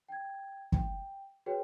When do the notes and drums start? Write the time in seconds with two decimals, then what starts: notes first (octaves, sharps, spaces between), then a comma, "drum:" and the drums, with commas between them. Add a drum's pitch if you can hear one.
0.09 G5 G#6
0.72 G5, drum: kick
1.46 F#4 G#4 B4 C#5 G5